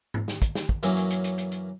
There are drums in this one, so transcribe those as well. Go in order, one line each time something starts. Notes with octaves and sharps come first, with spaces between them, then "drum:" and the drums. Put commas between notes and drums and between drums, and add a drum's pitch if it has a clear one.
drum: tom G#2
drum: snare
drum: kick, hi-hat
drum: snare
drum: kick
F#2 E3 F#3 A#3 C#4, drum: hi-hat
drum: hi-hat
drum: hi-hat
drum: hi-hat
drum: hi-hat
drum: hi-hat